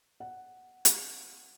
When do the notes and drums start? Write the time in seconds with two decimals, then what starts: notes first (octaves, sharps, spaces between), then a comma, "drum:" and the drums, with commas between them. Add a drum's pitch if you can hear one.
0.20 F#5
0.85 drum: hi-hat